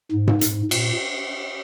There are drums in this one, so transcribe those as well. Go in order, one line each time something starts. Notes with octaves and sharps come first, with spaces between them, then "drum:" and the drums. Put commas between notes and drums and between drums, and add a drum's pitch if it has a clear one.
G#2
drum: tom G#2
G#2, drum: hi-hat
A#2, drum: cymbal